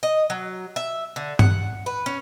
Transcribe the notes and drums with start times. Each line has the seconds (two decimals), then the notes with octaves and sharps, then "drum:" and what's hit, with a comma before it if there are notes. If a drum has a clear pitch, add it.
0.03 D#5
0.30 F#3
0.76 E5
1.16 D3
1.39 F#5, drum: tom G2
1.86 B4
2.06 C#4